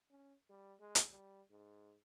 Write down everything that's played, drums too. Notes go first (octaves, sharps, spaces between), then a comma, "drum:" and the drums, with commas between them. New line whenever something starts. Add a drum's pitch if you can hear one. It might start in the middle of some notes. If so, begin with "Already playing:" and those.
C#4
G3
G#3
drum: hi-hat
G3
G#2